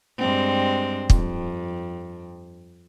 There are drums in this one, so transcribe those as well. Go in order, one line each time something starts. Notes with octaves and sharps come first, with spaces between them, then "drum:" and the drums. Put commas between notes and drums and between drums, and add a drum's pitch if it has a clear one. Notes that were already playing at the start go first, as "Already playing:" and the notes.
G2 G#3 C4
F2, drum: kick